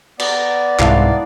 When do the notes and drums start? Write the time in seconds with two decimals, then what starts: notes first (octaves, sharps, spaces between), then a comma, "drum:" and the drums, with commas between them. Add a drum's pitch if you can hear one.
0.19 B3 D5, drum: cymbal
0.80 C2 G#2 D4 E4 F5 A#5, drum: clap